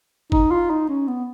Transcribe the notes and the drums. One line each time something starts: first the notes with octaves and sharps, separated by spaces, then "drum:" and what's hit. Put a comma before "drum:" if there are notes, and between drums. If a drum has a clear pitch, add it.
D#4, drum: kick F#1
F4
D#4
C#4
B3